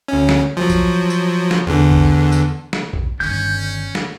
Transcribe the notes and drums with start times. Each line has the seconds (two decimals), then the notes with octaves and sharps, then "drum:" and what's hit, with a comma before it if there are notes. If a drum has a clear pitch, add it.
0.08 D2 C#4
0.29 drum: snare
0.57 F3 F#3
0.69 drum: kick A#1, tambourine
1.10 drum: tambourine
1.51 drum: snare
1.66 E2 D3
1.92 drum: kick A#1
2.32 drum: tambourine
2.73 drum: snare
2.93 drum: kick A#1
3.20 G1 D#3 C#4 G6
3.95 drum: snare